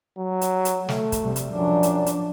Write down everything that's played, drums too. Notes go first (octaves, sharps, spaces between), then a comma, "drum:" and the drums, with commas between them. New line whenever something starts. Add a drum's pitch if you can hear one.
F#3
drum: hi-hat
drum: hi-hat
A3, drum: snare
drum: kick, hi-hat
C3 G3
drum: hi-hat
F#2 F3 D4
drum: hi-hat
drum: hi-hat